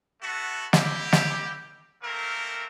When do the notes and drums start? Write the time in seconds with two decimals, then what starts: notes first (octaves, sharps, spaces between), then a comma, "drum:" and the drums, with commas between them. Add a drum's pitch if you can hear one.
0.21 A3 B3 F#4 A4
0.73 A#3 E4 G4, drum: snare
1.12 drum: snare
2.02 A3 A#3 C4 A#4